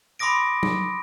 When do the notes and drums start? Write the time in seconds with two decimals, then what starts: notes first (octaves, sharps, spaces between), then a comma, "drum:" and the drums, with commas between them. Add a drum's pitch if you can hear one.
0.19 B5 C6 D6 D#6 A#6 D7
0.63 drum: tom F#3